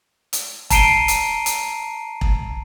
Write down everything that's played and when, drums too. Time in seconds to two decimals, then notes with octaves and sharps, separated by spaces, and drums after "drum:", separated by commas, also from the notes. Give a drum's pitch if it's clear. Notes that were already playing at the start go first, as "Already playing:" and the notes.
0.33 drum: hi-hat
0.70 A5 A#5 C7 D7 D#7 G7, drum: kick E1, hi-hat
1.08 drum: hi-hat
1.46 drum: hi-hat
2.21 drum: kick E1